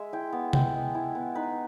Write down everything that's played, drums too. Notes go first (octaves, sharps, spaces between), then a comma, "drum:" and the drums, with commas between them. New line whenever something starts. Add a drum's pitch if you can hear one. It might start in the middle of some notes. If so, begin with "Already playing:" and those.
Already playing: G#3 E5
E4 G5
B3
G#3 G5, drum: tom C3
G#3
E4
B3
D#4 B4